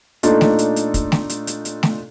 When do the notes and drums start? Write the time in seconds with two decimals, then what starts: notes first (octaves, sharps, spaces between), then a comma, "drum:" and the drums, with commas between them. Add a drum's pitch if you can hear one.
0.23 A#2 A3 D4 D#4 F4 A4, drum: hi-hat
0.41 drum: snare A3
0.59 drum: hi-hat
0.76 drum: hi-hat
0.94 drum: kick, hi-hat
1.12 drum: snare A3
1.30 drum: hi-hat
1.47 drum: hi-hat
1.65 drum: hi-hat
1.83 drum: snare A3